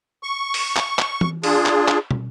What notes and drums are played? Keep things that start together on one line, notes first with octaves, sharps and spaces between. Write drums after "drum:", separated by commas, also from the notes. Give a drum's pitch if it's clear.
C#6
drum: open hi-hat
drum: clap
drum: clap
drum: tom E3
D4 F4 G#4, drum: open hi-hat
drum: clap
drum: clap
drum: tom